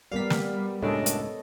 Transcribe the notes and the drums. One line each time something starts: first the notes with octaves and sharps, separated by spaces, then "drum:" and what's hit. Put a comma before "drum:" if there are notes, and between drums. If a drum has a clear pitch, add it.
G3 B3 A#4 D5 F5 B6
drum: snare
C#2 F#2 A2 D4 A4 C#5 D#5
drum: hi-hat